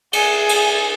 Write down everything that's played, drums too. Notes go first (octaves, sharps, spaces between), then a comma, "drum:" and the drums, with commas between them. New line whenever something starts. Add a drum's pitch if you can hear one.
G#4, drum: cymbal
drum: cymbal